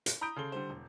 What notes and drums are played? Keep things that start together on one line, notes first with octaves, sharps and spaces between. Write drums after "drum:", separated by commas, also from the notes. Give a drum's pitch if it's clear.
drum: hi-hat
A#5 B5 D#6 G6 D7
C#3 A4 C6 G7
D3 G3 C5
E1